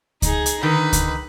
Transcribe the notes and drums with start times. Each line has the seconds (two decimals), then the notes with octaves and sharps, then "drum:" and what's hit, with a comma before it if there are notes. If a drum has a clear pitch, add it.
0.22 D#4 G#4, drum: kick C#2, hi-hat
0.46 drum: hi-hat
0.63 D3 D#3 D#4 B4
0.93 drum: kick C#2, hi-hat